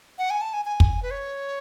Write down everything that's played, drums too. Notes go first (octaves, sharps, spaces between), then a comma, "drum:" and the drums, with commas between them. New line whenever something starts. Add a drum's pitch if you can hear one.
F#5
G#5
A5
G#5
G#5
drum: kick
B4
C#5